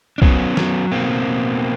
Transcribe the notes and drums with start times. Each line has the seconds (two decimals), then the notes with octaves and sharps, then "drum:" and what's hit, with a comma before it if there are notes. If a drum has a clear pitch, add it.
0.18 D4
0.22 F#3 B3 C#4, drum: kick
0.57 F#3, drum: snare
0.92 B2 A#3 C4
1.27 B2